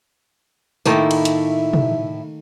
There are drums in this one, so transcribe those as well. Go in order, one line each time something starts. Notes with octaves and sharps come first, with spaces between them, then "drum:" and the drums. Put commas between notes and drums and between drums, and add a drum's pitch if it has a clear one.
A2 D#3 A3 A#3 E4, drum: tambourine
drum: cymbal
drum: hi-hat
drum: tom